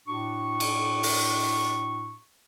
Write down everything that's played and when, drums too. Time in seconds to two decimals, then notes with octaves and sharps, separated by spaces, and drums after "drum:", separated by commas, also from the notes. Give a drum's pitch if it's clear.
0.08 A2 D4 F#4 C#6
0.60 drum: cymbal
1.03 drum: open hi-hat